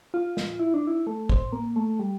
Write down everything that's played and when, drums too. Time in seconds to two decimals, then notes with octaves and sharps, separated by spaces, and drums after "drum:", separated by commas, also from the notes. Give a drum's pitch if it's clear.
0.14 F4
0.37 drum: snare
0.59 E4
0.74 D4
0.87 E4
1.07 A3
1.29 C4, drum: kick
1.52 A#3
1.76 A3
1.99 G3